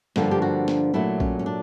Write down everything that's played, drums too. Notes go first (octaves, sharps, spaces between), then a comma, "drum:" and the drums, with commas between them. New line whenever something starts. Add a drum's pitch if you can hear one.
G2 D3 F3 A#3, drum: snare
G4
F#4
drum: snare
A#2 F#3 A3 E4
C#4, drum: kick A#1
C#4
D4